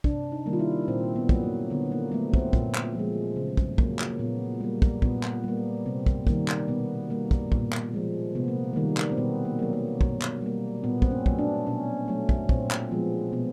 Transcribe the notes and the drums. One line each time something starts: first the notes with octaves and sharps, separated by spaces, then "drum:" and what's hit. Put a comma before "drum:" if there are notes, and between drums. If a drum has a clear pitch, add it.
C3 D4, drum: kick
D#4
D#3 G3 A#3
F4
E4
A#2 C4
B3
F#3 A#3, drum: kick
A#3
D3 B3
A#3
F#3 A3 B3
C4, drum: kick
A#2, drum: kick
drum: clap
F3 G#3
C#3
drum: kick
F#3 A#3, drum: kick
drum: clap
A#3
A#2 B3
G3 A#3
drum: kick
A#2 B3, drum: kick
drum: clap
G3 A#3
C3 C4
drum: kick
D#3 G3 A#3, drum: kick
drum: clap
B2 B3
G3 A#3
drum: kick
A#2, drum: kick
drum: clap
F3 G#3
C3 B3
A#3
D#3 G3 A#3
drum: clap
C4
B2 B3
A#3
F#3 A#3
A#3
B2, drum: kick
drum: clap
G3 A#3
A#2 B3
C4, drum: kick
C#4
F#3 A3, drum: kick
D4
B2 C#4
F#3 A3
drum: kick
A#2 C4, drum: kick
drum: clap
F3 G#3 B3
B2 B3